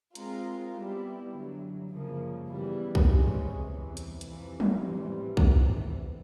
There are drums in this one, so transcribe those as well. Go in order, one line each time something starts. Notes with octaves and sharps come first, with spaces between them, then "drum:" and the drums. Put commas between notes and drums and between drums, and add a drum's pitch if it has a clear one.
G#3 C4 F4 A#4, drum: hi-hat
G3 B3 E4 G4
F#2 D3 F#3
F#2 C#3 F3 A#3
C#3 E3 G3 B3 E4
drum: kick B1
C#2 C3 E3 G#3 C#4
E2 C3 E3
drum: hi-hat
F2 C3 E3, drum: hi-hat
drum: tom
A2 E3 G3 C4
E2 C3 E3, drum: kick B1